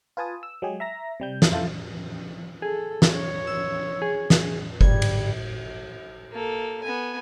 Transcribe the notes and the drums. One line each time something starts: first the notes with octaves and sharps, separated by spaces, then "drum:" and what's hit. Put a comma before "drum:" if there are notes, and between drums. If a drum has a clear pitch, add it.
F4 B4 G#5 A5 D#6
E6
F#3 G#3 G4 G#4
E5 A#5 A#6
C3 G3 G6
drum: snare
F2 E4 F4 A4 A5 G6
G#4 A4
drum: snare
C#5
E6
G#4
drum: snare
G#2 D3 G3 G#6, drum: kick F#1
drum: cymbal
A#3 A4
B3 G#5